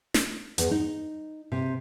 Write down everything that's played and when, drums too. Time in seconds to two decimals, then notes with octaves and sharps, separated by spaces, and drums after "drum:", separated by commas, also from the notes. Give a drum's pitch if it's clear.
0.14 drum: snare
0.58 E2, drum: hi-hat
0.71 D#4
1.52 C3